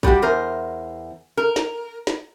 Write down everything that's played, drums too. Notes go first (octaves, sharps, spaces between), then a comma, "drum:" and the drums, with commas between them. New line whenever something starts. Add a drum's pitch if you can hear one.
F#3 G3 A3 F#4 G4, drum: kick
E2 A#4 C5
A#4
drum: snare
drum: snare